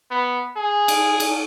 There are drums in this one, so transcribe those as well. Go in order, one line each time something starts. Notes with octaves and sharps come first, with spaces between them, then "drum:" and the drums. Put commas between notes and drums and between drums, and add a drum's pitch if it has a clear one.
B3
G#4
drum: cymbal
drum: cymbal